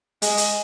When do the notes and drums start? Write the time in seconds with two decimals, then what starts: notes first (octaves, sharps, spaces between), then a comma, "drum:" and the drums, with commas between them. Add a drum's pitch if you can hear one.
0.22 G#3, drum: hi-hat
0.37 drum: hi-hat